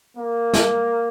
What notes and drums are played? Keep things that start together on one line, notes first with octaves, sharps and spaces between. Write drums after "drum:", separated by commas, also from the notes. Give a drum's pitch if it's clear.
A#3
drum: snare